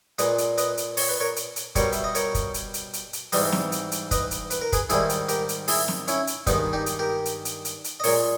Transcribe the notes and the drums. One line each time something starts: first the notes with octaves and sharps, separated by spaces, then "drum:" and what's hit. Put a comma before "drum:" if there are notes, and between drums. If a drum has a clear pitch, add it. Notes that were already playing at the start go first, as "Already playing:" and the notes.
A#2 G#3 B4 D#5, drum: hi-hat
drum: hi-hat
B4 D#5, drum: hi-hat
drum: hi-hat
C#5, drum: open hi-hat
B4
A#4 C#5
drum: hi-hat
drum: hi-hat
B2 G3 A#4 C#5, drum: kick, hi-hat
E5, drum: hi-hat
D#5
A#4 C#5, drum: hi-hat
drum: kick, hi-hat
drum: hi-hat
drum: hi-hat
drum: hi-hat
drum: hi-hat
G#2 E3 G3 B4 D#5, drum: open hi-hat
drum: snare
drum: hi-hat
drum: hi-hat
B4 D#5, drum: kick, hi-hat
drum: hi-hat
B4, drum: hi-hat
A#4
G#4 B4, drum: kick, hi-hat
G#2 D#3 G3 E4 G#4, drum: hi-hat
drum: hi-hat
G4 A#4, drum: hi-hat
drum: hi-hat
E4 G#4, drum: open hi-hat
drum: snare
C#4 E4, drum: hi-hat
drum: hi-hat
G2 D#3 G#3 B3 D#4, drum: kick, hi-hat
D#4 G4
drum: hi-hat
G4 A#4
drum: hi-hat
drum: hi-hat
drum: hi-hat
drum: hi-hat
D#5
A#2 G#3 A#4 C#5, drum: open hi-hat